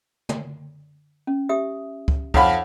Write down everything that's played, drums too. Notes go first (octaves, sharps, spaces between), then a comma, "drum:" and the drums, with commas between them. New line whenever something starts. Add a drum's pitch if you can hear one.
drum: tom
C#4
G4 E5 D#6
drum: kick C#2
F2 D#4 C#5 F5 F#5 B5, drum: kick C#2